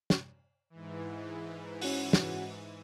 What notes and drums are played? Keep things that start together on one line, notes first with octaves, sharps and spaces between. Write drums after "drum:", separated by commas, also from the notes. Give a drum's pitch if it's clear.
drum: snare
G#2 E3
C#4 F#4 F#5, drum: open hi-hat
drum: snare